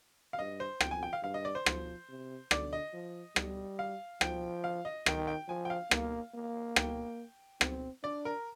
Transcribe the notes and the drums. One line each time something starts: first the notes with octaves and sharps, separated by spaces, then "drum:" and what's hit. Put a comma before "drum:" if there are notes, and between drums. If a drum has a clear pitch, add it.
F5
G2 D#5
C5
F2 G5, drum: rim click
G#5
G5
F5
G2 F5
D#5
D5
C5
F3, drum: rim click
C3
D3 D5, drum: rim click
D#5
F3
G3, drum: rim click
F5
F3 G5, drum: rim click
F5
D#5
D#3 G5, drum: rim click
G5
F3 G#5
G5
F5
A#3, drum: rim click
A#3
G5, drum: rim click
C4, drum: rim click
D4 D5
A#4